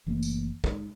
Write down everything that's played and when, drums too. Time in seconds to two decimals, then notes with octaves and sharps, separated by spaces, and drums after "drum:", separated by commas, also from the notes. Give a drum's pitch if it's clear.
0.06 F#1 E3 A3 A#3
0.22 drum: tambourine
0.64 G#2, drum: kick